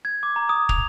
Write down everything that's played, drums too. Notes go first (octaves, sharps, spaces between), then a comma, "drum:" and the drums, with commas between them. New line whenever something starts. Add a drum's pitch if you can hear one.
G#6
D6
A#5
D#6
F7, drum: kick